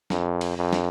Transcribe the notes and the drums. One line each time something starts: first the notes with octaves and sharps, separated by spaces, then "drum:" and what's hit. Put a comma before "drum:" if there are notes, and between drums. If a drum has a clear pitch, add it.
F2, drum: snare
drum: cymbal
F2
drum: snare